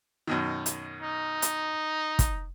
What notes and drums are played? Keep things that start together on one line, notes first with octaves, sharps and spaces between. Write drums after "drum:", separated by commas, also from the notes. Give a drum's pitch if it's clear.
F#2 B2 D#3
drum: hi-hat
D#4
drum: hi-hat
drum: kick, hi-hat